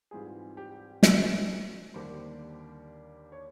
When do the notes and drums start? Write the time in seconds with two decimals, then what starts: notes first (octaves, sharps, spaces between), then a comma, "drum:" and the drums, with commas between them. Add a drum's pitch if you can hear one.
0.11 G#2 E3 G3 C4 F4 G#4
0.57 G4
1.03 F#4, drum: snare
1.94 D#2 D3 G3 A#3 D4 C5
3.32 C#5